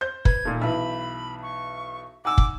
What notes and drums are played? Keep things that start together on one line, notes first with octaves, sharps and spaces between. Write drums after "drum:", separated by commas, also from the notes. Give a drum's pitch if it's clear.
C5 G6
B4 G#6, drum: kick
A#2 D#3 A3 A#3
B1 E3 E5 B5
C#6
D#4 F#5 G#5 D6 E6
drum: kick